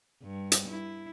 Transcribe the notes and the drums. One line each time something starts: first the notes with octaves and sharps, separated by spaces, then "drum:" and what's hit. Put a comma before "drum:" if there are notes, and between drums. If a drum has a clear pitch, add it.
G2
drum: hi-hat
E4